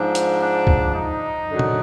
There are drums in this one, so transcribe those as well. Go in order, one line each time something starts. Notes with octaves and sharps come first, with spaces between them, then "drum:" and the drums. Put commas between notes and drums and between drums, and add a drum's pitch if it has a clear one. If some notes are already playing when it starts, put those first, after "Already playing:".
Already playing: G#2 F3 D4
drum: hi-hat
D4
drum: kick C2
D#4
F#2 D3 F#3
drum: tom A#2